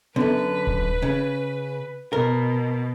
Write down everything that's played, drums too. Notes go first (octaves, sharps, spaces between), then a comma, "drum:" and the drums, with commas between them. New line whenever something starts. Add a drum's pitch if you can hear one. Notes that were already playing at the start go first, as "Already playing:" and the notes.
F#2 D3 B4, drum: tom B3
drum: kick D#1
C#3
B2 A#4